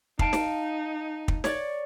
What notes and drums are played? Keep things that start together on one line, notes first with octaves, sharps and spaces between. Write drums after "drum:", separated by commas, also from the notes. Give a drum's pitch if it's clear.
D#4 F5 A5 D7, drum: kick
drum: snare
drum: kick
C#5 D5 A6, drum: snare